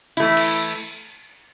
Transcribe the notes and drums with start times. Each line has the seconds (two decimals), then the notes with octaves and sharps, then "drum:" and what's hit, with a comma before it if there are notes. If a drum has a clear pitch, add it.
0.17 E3 A3 E4, drum: hi-hat
0.37 drum: cymbal